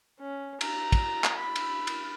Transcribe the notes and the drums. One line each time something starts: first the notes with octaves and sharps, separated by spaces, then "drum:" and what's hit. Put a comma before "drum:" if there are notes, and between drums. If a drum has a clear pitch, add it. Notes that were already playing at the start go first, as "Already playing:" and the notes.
C#4
A#5, drum: cymbal
drum: kick, cymbal
drum: clap
B5
drum: cymbal
drum: cymbal